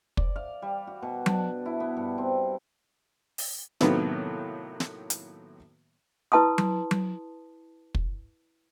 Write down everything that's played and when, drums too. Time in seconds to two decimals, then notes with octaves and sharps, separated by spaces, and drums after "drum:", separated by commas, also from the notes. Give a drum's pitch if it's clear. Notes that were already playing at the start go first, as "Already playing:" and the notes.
0.17 D5, drum: kick
0.36 F5
0.62 G3
0.87 F#4
1.02 B2
1.26 D4, drum: tom F#3
1.66 E4
1.80 B3
1.97 G2
2.18 C4
3.38 drum: open hi-hat
3.81 A2 C3 D#3 F#3 A#3 B3, drum: snare
4.80 drum: snare
5.10 drum: hi-hat
6.32 E4 B4 A5 C6 D#6
6.58 drum: tom F#3
6.91 drum: tom F#3
7.95 drum: kick